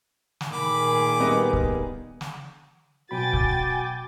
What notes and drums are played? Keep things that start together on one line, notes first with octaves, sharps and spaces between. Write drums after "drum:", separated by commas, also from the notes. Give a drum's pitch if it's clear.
drum: snare
A#2 D#3 G#4 B5 D6
G3 B3 D#5
drum: kick
drum: snare
B2 F#3 F#4 G5 G#5 B5 D6 A6
drum: kick